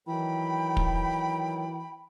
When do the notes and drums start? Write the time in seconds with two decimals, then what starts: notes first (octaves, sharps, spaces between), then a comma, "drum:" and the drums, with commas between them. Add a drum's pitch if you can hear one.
0.07 D#3 E3 F#3 G5 B5
0.77 drum: kick